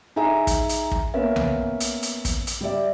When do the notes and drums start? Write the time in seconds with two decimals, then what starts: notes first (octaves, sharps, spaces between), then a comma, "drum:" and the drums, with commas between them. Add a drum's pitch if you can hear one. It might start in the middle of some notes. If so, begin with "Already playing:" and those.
0.16 D#4 G#4 E5 G#5 A#5
0.47 drum: kick, hi-hat
0.69 drum: hi-hat
0.91 drum: kick
1.14 A#3 B3 C#4 A#4 B4 E5
1.36 drum: tom B1
1.80 drum: hi-hat
2.03 drum: hi-hat
2.25 drum: kick, hi-hat
2.47 drum: hi-hat
2.61 G3 G4 D5 E5